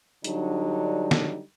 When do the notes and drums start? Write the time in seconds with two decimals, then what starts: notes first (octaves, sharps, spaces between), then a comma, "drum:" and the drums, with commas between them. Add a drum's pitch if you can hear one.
0.24 D3 F#3 G3 D4 D#4, drum: hi-hat
1.11 drum: snare